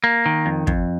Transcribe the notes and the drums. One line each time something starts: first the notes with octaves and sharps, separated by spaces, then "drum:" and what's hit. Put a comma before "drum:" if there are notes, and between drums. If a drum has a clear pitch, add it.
A#3
D#3
F2
F2, drum: kick